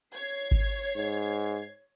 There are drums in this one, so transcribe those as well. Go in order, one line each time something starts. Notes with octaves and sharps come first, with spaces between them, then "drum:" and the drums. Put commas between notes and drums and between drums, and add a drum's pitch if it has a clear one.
C#5 G#6 C7
drum: kick G#1
G#2